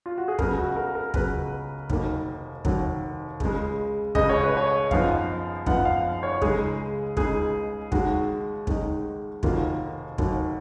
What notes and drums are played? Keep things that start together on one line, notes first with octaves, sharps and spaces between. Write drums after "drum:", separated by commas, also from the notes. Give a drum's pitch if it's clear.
F4
F#4
G#4
C#2 C#3 F#3 B3 A#4, drum: kick
F#4
A#4
A#4
C#2 C#3 F#3 B3 B4, drum: kick
F1 D#2 D#3 F#3 A#3, drum: kick
F1 D#2 D#3 F#3 A#3, drum: kick
C#2 C#3 G#3, drum: kick
C#2 C#3 G#3 D#5, drum: kick
C#5
B4
C#5
G#1 F#2 F3 B3 D#4 F5, drum: kick
G#1 F#2 F3 B3 D#4 F#5, drum: kick
F5
C#5
C#2 C#3 G#3 D#4 G#4, drum: kick
C#2 C#3 G#3 D#4 G#4, drum: kick
D#2 D#3 G#3 D#4 F#4, drum: kick
D#2 D#3 G#3 D#4, drum: kick
F1 D#2 D#3 F#3 A#3 F4, drum: kick
F1 D#2 D#3 F#3 A#3, drum: kick